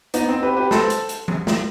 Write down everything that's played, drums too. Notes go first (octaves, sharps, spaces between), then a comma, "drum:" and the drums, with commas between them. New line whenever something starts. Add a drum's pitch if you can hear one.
B3 D#4, drum: hi-hat
C4
G4 B4
G4 B4
A4 C5, drum: snare
drum: hi-hat
drum: hi-hat
drum: tom E3
drum: snare